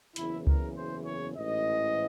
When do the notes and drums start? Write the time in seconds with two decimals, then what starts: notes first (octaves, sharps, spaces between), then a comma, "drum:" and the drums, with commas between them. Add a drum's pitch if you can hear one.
0.16 F#1 E2 C#3 E3 E4, drum: hi-hat
0.47 A#4, drum: kick C#2
0.76 C5
1.06 C#5
1.36 A1 G#2 E3 D#5